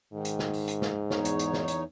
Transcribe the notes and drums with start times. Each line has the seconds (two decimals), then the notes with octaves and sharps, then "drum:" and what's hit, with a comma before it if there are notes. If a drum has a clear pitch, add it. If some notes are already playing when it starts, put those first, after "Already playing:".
0.13 G#2 D#3
0.25 drum: hi-hat
0.39 drum: snare
0.53 drum: open hi-hat
0.68 drum: hi-hat
0.82 drum: snare
1.11 E2 D#4 C#5, drum: snare
1.25 drum: hi-hat
1.39 drum: hi-hat
1.53 drum: snare
1.68 drum: hi-hat